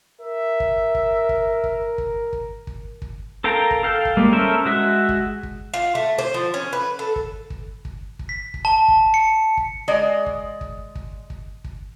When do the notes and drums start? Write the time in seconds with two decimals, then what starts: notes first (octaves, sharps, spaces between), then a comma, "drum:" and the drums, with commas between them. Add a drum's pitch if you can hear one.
0.21 A#4 E5
0.60 drum: kick
0.95 drum: kick
1.29 drum: kick
1.64 drum: kick
1.98 drum: kick
2.33 drum: kick
2.67 drum: kick
3.02 drum: kick
3.44 A4 A#4 F5 G5 A#5
3.71 drum: kick
3.83 A4 F5 G5
4.05 drum: kick
4.17 G3 G#3 A#3
4.33 C#4 A4 A#4 C5 E5
4.65 G#3 F#4 E5
5.09 drum: kick
5.43 drum: kick
5.74 F4
5.95 A3
6.18 C5
6.34 F3
6.54 C#4
6.73 B4
6.99 A4
7.16 drum: kick
7.50 drum: kick
7.85 drum: kick
8.19 drum: kick
8.29 B6
8.54 drum: kick
8.65 A5
8.88 drum: kick
9.14 C#7
9.57 drum: kick
9.88 G#3 D5 D#5
10.26 drum: kick
10.61 drum: kick
10.95 drum: kick
11.30 drum: kick
11.64 drum: kick